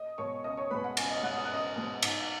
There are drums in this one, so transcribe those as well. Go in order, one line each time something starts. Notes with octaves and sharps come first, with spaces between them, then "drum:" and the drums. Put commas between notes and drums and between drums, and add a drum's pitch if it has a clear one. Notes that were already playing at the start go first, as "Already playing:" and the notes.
Already playing: D#5 D#6
B2 G#3 C#5 C#6
C#2 D#5 D#6
C#5 C#6
B2 G#3 B4 B5
F#5
C#2 G#5, drum: cymbal
D#5 D#6
B2 G#3 F#5 F#6
D#6
F#6
C#2 D#5 D#6
B2 G#3
B1, drum: cymbal